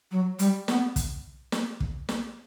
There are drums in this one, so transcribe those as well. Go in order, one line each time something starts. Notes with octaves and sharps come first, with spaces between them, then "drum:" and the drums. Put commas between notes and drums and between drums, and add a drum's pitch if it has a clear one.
F#3
G3, drum: hi-hat
B3, drum: snare
drum: kick, hi-hat
drum: snare
drum: kick
drum: snare